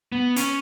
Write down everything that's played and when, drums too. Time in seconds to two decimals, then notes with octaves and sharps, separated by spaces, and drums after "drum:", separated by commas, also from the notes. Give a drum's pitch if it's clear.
0.12 B3
0.36 C#4, drum: hi-hat